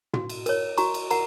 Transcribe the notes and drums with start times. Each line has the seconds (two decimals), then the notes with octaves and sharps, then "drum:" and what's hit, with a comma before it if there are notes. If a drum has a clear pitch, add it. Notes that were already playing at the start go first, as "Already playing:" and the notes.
0.14 F#4, drum: tom
0.29 drum: cymbal
0.46 A#4 C#5, drum: cymbal
0.77 F#4 A#5 C#6, drum: cymbal
0.94 drum: cymbal
1.10 A#4 F#5 A#5, drum: cymbal